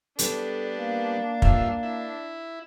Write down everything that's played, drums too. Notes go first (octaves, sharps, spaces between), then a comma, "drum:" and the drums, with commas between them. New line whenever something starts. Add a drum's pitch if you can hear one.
G3 B3 D4 A4, drum: hi-hat
A#3
G2 F4 E5, drum: kick
E4